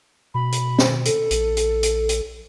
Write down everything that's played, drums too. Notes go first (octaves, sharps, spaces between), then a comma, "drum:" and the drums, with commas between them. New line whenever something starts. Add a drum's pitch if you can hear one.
B2 B5
drum: hi-hat
drum: snare
A4, drum: hi-hat
A#1, drum: hi-hat
drum: hi-hat
drum: hi-hat
drum: hi-hat